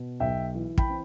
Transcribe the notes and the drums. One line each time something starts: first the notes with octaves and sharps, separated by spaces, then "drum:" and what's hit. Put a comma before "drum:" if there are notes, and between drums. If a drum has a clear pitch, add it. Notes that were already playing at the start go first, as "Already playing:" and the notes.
Already playing: B2
B1 E5 G5
E3
G5 B5, drum: kick
C4